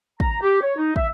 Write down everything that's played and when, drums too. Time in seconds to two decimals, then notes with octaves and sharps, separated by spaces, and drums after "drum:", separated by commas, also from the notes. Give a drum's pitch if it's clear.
0.20 A#5, drum: kick
0.41 G4
0.62 C#5
0.77 D#4
0.96 E5, drum: kick